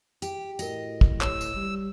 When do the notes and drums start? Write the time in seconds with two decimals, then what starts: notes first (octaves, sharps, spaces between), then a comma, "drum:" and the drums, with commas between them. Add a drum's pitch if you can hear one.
0.22 G4, drum: tambourine
0.59 A2 F#4 A#4 D#5, drum: tambourine
1.01 drum: kick
1.21 G4 B4 C#5 E6, drum: clap
1.41 drum: tambourine
1.55 G3